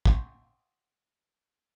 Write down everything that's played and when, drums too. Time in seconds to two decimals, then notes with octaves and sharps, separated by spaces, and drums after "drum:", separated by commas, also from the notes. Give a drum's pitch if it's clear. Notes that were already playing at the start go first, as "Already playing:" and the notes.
0.05 F#5 C6 C#6 G6 G#6, drum: kick